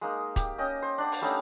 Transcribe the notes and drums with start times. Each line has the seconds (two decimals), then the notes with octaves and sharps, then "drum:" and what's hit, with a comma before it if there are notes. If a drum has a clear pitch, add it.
0.01 G#3 A#3 D#4
0.36 G4, drum: kick C#1, hi-hat
0.58 C#4 D#5 G5
0.82 C5
0.98 D4 D5 F#5
1.12 drum: open hi-hat
1.21 G3 A3 C#4 D#4